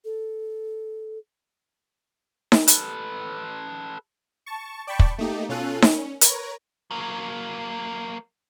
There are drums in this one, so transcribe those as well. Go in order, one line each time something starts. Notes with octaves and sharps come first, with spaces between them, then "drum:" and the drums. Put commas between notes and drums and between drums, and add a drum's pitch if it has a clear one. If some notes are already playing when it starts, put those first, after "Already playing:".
A4
drum: snare D#4
A4 B4, drum: hi-hat
A5 C#6
D5 G5 A5 B5 C#6
drum: kick
A3 A#3 D#4 G4
B2 C#4 F4 A4 F#6 D#7
C#4, drum: snare D#4
A#4 B4 C#5 A#5, drum: hi-hat
F#3 A#3